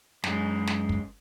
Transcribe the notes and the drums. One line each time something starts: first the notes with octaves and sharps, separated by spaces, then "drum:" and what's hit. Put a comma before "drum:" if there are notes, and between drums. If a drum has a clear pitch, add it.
F#2 G#3, drum: snare
drum: snare
drum: kick